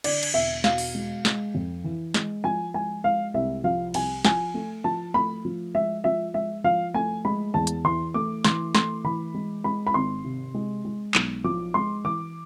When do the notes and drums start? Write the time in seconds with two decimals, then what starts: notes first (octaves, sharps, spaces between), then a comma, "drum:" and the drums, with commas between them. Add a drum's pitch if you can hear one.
0.04 D3 D5, drum: cymbal
0.23 drum: cymbal
0.34 E1 E5
0.64 B2 F5, drum: snare
0.78 drum: open hi-hat
0.95 G#3
1.25 G#3, drum: snare
1.55 F2
1.84 E3
2.14 G#3, drum: snare
2.44 F3 G#5
2.74 G#3 G#5
3.04 G#3 F5
3.34 C2 E5
3.64 F3 F5
3.94 C2 G#5, drum: cymbal
4.25 F3 G#5, drum: snare
4.54 A3
4.84 F3 A5
5.14 A3 B5
5.45 F3
5.75 G#3 E5
6.04 F3 E5
6.34 G#3 E5
6.64 F3 F5
6.94 A3 G#5
7.25 G#3 B5
7.54 E2 A5
7.67 drum: hi-hat
7.85 E3 C6
8.14 A3 D6
8.44 E3 C6, drum: snare
8.75 A3 C6, drum: snare
9.04 E3 B5
9.34 G#3
9.64 G#3 B5
9.87 B5
9.94 G#1 C6
10.24 C3
10.54 G#3
10.85 G#3
11.15 B1, drum: clap
11.44 F3 D6
11.74 G#3 C6
12.04 E3 D6